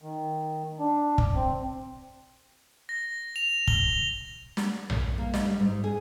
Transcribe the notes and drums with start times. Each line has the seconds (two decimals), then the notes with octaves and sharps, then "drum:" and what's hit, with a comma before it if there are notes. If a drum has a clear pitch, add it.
0.02 D#3
0.80 D4
1.18 drum: kick
1.35 C4
2.89 A#6
3.36 F7
3.68 G7, drum: kick
4.57 drum: snare
4.90 drum: tom A#1
5.18 A#3
5.34 D#5, drum: snare
5.45 G3
5.60 G#2
5.84 G#4